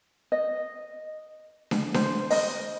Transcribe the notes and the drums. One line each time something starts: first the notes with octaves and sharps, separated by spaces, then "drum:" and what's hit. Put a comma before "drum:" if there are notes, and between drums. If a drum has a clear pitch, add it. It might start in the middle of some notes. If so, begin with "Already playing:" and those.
D#5
drum: snare D4
C5, drum: snare D4
D#5, drum: open hi-hat